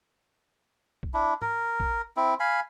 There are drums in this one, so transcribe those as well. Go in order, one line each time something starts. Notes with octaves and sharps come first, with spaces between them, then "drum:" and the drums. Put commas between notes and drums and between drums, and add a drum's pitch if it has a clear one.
drum: kick
D4 E4
A#4, drum: tom
drum: kick
C4 E4
F5 G#5 B5